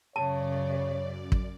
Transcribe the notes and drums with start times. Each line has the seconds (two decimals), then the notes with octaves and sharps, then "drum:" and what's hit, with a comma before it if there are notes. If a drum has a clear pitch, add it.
0.16 F#2 C#3 C#5 D5 A5
1.32 drum: kick